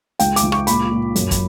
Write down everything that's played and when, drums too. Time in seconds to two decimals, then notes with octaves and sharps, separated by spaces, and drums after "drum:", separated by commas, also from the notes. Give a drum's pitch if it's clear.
0.19 C#2 G5, drum: hi-hat
0.36 D6, drum: hi-hat
0.43 C#2
0.52 C#6, drum: rim click
0.67 A#2 B5, drum: hi-hat
0.92 A#2
1.16 F#2, drum: hi-hat
1.31 drum: kick, hi-hat